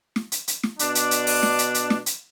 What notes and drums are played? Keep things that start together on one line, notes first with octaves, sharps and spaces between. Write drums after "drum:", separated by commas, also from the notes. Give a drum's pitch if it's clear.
drum: snare
drum: hi-hat
drum: hi-hat
drum: snare
B2 D4, drum: hi-hat
drum: hi-hat
drum: hi-hat
drum: open hi-hat
drum: snare
drum: hi-hat
drum: hi-hat
drum: snare
drum: hi-hat